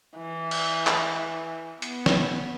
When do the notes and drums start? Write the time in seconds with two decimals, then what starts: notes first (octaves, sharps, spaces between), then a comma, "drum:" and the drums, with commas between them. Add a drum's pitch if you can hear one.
0.17 E3
0.51 drum: cymbal
0.87 drum: clap
1.82 B3, drum: hi-hat
2.06 drum: snare